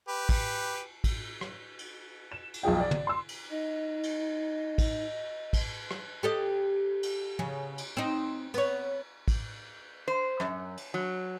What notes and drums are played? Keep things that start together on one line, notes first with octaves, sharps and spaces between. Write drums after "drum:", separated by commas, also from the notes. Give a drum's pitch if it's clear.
G4 B4
drum: kick, cymbal
drum: kick, cymbal
drum: rim click
drum: cymbal
E7
drum: cymbal
B1 F3 G#4 G5
D5
drum: tom
C6 E6
drum: cymbal
D#4 D#5
drum: cymbal
drum: kick, cymbal
drum: kick, cymbal
drum: rim click
G4 A4 D#5
drum: cymbal
C#3, drum: tom
drum: cymbal
C4 D#4
B3 C#5, drum: cymbal
drum: kick, cymbal
C5
F#2, drum: rim click
drum: cymbal
F#3